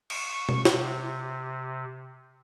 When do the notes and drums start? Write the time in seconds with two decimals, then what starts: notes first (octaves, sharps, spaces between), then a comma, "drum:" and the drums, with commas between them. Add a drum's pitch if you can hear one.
0.10 C#6, drum: cymbal
0.49 drum: tom
0.65 C3, drum: snare